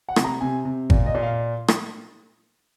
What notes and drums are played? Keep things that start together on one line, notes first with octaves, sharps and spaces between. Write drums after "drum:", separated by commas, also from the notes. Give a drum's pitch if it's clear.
F#5
C3, drum: rim click
A#5
C3 G#5
C3
A#2, drum: kick G#1
D#5
A#2
F5
drum: rim click